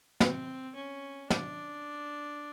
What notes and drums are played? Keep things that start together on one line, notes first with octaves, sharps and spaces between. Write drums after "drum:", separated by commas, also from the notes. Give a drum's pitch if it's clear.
C4, drum: snare
C#4
D4, drum: snare